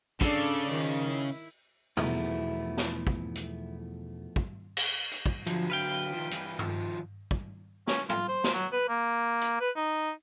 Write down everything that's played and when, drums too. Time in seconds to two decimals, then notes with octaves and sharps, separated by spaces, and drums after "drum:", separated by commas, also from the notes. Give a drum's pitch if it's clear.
0.21 C#3 D4 A4 D5, drum: kick
0.72 D#3 F3, drum: open hi-hat
1.08 E4
1.97 B1 E2 F3 A3 B3 E4, drum: tom B2
2.78 drum: snare
3.07 drum: kick
3.35 drum: hi-hat
4.36 drum: kick
4.77 drum: cymbal
5.11 drum: hi-hat
5.26 drum: kick
5.47 D3 F3 F#3, drum: hi-hat
5.70 B4 F5 G5
6.12 D#3 F3
6.31 G2 E3, drum: hi-hat
6.59 D#3 F3, drum: tom G2
7.31 drum: kick
7.87 C#4, drum: snare
8.09 F4, drum: tom
8.28 C5
8.44 drum: snare
8.54 F#3
8.73 B4
8.89 A#3
9.41 drum: hi-hat
9.61 B4
9.76 D#4